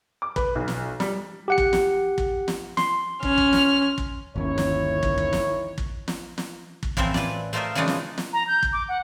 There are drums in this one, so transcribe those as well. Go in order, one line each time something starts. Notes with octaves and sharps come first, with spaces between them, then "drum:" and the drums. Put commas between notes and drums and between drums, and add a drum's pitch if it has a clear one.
D6
B4, drum: kick
B1
drum: snare
G3, drum: snare
G4 F#5 C#7
drum: kick
drum: snare
drum: kick
drum: snare
C6, drum: snare
C#4 F6, drum: kick
drum: kick
drum: snare
drum: kick
G1 D#2 D#3 C#4 E4 C#5
drum: snare
drum: kick
drum: kick
drum: snare
drum: kick
drum: snare
drum: snare
drum: kick
A2 E3 F3 A#3 C4 E5, drum: kick
B4 D5, drum: snare
A3 F4 A#4 C5 D#5 E5
C#3 E3 F#3 G#3 D4 D#4
drum: snare
drum: snare
A#5
G6
drum: kick
D6
F#5